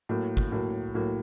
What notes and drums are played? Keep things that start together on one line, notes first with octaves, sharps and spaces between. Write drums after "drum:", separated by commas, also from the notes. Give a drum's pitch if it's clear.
A2 F#3 A#3
drum: kick
A2 F#3 A#3
A2 F#3 A#3